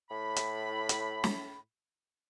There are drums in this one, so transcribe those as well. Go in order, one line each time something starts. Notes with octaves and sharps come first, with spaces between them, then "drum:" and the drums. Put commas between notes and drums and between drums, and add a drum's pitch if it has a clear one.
A2 B5
drum: hi-hat
drum: hi-hat
drum: snare